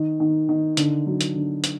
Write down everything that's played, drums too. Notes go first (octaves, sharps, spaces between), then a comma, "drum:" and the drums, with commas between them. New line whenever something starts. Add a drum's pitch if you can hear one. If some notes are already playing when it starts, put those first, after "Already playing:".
Already playing: D#3
D#3
D#3
D3, drum: hi-hat
F#3
drum: hi-hat
D3
drum: hi-hat